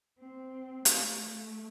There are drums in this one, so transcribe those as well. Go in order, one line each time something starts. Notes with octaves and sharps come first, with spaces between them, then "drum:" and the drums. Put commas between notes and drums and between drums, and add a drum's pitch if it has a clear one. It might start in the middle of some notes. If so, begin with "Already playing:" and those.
C4
A3, drum: hi-hat